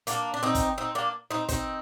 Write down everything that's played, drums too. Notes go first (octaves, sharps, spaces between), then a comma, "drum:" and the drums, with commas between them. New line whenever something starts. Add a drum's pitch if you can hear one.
A#3 D4, drum: hi-hat
D4
C4 D#4
drum: kick, hi-hat
C4 D#4
A#3 D4
C4 D#4
C4 D#4, drum: kick, hi-hat